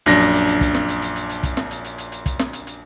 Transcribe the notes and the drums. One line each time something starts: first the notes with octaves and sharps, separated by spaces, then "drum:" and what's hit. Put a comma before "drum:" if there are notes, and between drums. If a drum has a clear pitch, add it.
A#1 F#2 D4 A#6, drum: hi-hat
drum: hi-hat
drum: hi-hat
drum: hi-hat
drum: kick, hi-hat
drum: snare
drum: hi-hat
drum: hi-hat
drum: hi-hat
drum: hi-hat
drum: kick, hi-hat
drum: snare
drum: hi-hat
drum: hi-hat
drum: hi-hat
drum: hi-hat
drum: kick, hi-hat
drum: snare
drum: hi-hat
drum: hi-hat